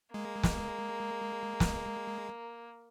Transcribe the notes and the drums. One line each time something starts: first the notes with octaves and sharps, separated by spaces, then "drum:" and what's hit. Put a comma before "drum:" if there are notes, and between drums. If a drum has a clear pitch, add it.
G#3 A#3
drum: snare
drum: snare